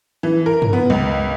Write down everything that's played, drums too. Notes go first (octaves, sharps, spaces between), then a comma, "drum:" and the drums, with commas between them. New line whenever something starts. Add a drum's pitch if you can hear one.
E3
A#4
drum: tom G2
B3
C#2